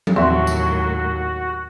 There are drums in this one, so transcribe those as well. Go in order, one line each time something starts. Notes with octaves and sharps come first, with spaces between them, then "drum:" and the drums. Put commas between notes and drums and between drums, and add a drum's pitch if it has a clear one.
drum: tom F3
D#2 A2 F#3 C4 F#4 E5
drum: tambourine